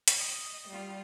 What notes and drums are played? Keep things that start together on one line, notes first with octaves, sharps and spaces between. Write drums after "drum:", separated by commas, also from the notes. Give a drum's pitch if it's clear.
drum: hi-hat
D#5
G3 F4